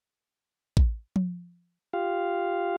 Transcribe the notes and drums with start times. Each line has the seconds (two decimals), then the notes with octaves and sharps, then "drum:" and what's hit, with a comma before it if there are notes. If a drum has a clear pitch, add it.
0.77 drum: kick A1
1.16 drum: tom F3
1.93 F4 G4 F5